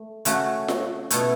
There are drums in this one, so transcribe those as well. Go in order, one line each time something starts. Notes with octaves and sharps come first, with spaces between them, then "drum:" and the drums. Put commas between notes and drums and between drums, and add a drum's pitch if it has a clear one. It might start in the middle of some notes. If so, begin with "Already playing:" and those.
Already playing: A3
C#3 A3 C#4 F#4, drum: hi-hat
drum: snare F4
B2 A3 E4 A4 C#5, drum: hi-hat